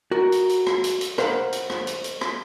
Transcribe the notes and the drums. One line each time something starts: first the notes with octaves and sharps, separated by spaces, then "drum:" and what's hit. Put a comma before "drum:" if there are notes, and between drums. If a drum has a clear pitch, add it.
F#4 A#4
drum: hi-hat
drum: hi-hat
drum: rim click
drum: hi-hat
drum: hi-hat
A#4 C5 F5 F#5 B5, drum: rim click
drum: hi-hat
drum: rim click
drum: hi-hat
drum: hi-hat
drum: rim click